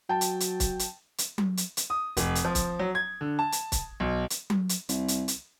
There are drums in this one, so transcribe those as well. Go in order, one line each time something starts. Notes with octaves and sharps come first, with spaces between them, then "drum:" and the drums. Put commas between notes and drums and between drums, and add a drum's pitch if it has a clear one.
F#3 G5 A5
drum: hi-hat
drum: hi-hat
drum: kick, hi-hat
drum: hi-hat
drum: hi-hat
drum: tom F#3
drum: hi-hat
drum: hi-hat
D#6
F1, drum: hi-hat
drum: hi-hat
F3
drum: kick, hi-hat
F#3
G#6
D3
A5
drum: hi-hat
drum: kick, hi-hat
B1
drum: hi-hat
drum: tom F#3
drum: hi-hat
C2, drum: hi-hat
drum: hi-hat
drum: hi-hat